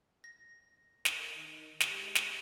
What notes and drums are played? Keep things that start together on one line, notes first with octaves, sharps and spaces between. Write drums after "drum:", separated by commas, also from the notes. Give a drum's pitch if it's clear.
A#6
A2 A#4, drum: snare
D#3
G#3 G4, drum: snare
drum: snare